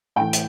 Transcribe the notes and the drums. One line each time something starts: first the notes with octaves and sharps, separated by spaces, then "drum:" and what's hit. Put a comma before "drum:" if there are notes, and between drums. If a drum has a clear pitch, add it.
A2 E3 G5
drum: hi-hat